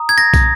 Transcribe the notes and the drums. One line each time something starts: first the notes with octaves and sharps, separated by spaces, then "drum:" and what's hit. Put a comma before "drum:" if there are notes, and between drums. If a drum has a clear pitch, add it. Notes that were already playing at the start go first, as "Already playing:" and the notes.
Already playing: A#5 D#6
G#6
A#6
drum: kick, tambourine